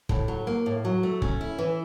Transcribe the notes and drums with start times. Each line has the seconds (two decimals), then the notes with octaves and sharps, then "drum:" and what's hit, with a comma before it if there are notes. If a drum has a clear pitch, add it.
0.09 A2, drum: kick
0.28 F#3
0.47 A#3
0.66 A2
0.85 F#3
1.03 A3
1.22 C#4, drum: kick
1.41 E4
1.58 E3